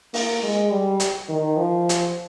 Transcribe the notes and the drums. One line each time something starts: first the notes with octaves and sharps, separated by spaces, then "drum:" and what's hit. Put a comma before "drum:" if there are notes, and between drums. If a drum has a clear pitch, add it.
A#3, drum: open hi-hat
G#3
G3
drum: hi-hat
D#3
F3
drum: hi-hat